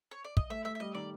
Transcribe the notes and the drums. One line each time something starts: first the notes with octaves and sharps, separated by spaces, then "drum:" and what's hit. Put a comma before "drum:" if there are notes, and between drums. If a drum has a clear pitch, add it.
C#5
D5
D#5, drum: kick
A3 E5
A3 E5
E5
G3 D#5
D#3 D5